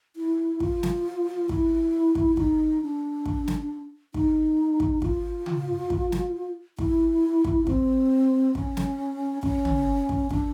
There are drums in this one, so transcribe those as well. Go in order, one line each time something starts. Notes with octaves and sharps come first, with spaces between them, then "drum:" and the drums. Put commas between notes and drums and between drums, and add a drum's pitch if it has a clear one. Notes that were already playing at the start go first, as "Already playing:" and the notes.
E4
F4, drum: kick
drum: snare
E4, drum: kick
drum: kick
D#4, drum: kick
D4
drum: kick
drum: snare
D#4, drum: kick
drum: kick
F4, drum: kick
drum: tom C#3
drum: kick
drum: snare
E4, drum: kick
drum: kick
C4, drum: kick
C#4, drum: kick
drum: snare
C#4, drum: kick
drum: tom
drum: kick
D4, drum: kick